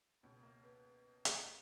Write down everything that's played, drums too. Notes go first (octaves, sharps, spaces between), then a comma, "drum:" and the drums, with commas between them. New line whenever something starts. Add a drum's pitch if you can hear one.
C#2 B2
A#3
B3
drum: hi-hat